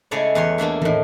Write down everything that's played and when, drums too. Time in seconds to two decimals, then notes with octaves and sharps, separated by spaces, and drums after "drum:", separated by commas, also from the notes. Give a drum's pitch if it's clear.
0.11 C#3 G#3 A3 E4 C#5 D5
0.35 E2 B4 C#5 C6
0.58 A3 A#3 D4 E4
0.82 A2 D#3, drum: tom